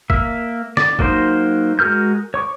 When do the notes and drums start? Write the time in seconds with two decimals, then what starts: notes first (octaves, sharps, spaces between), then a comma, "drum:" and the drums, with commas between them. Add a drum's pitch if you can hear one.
0.10 A#3 E5, drum: kick
0.77 D5, drum: snare
0.99 F#3 A#3 D#4 C5, drum: kick
1.79 G#3 F#4 A#4 F6 G6
2.34 C#5 C#6 D6